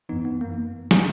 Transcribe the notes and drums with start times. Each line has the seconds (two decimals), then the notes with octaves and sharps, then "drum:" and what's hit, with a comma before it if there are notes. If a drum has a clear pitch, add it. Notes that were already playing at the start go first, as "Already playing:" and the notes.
0.09 F#2 E3 B3 D#4
0.25 B3
0.41 A#3
0.91 drum: snare